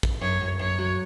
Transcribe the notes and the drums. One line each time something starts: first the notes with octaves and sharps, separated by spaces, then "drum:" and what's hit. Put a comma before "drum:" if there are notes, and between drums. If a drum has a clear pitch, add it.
drum: kick
F#2 C#5
F#2
F#2 C#5
F#3